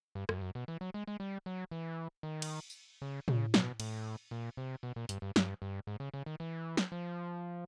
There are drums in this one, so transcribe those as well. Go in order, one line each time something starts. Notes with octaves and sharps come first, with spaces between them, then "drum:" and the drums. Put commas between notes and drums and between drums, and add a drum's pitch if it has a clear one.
G2
F#2, drum: rim click
G2
F#2
B2
E3
F#3
G#3
G#3
G3
F#3
E3
D#3
drum: cymbal
drum: tambourine
C#3
C#3, drum: tom A2
B2, drum: snare
A2, drum: cymbal
A#2
C3
B2
A#2
G2, drum: hi-hat
G2
G2, drum: snare
G2
G#2
C#3
C#3
D#3
E3
drum: snare
F3